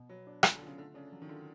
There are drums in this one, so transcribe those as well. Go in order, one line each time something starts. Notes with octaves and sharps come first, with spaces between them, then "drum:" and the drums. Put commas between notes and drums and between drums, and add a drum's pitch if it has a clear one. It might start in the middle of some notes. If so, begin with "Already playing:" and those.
Already playing: B2
F#3 B3
D4
D3 F#3, drum: rim click
D3
F4
C#3
D3 A3
C#3 D4
F#3
D#3
D3 F4